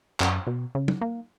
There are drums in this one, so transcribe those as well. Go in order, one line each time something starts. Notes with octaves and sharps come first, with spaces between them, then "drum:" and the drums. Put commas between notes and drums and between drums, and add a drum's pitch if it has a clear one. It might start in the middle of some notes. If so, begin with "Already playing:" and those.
F#2, drum: clap
B2
C#3
drum: tom
A#3